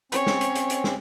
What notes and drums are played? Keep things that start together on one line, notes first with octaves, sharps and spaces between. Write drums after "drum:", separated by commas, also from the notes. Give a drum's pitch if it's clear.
C4 C#4 C#5, drum: hi-hat
drum: snare
drum: hi-hat
drum: hi-hat
drum: hi-hat
drum: snare